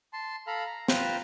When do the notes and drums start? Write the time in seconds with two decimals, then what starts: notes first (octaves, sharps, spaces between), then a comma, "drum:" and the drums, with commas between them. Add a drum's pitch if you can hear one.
0.13 A5 C6
0.47 A4 F5 A#5 B5
0.65 A#5
0.88 F4 B4 C5 G5 A#5 F6, drum: snare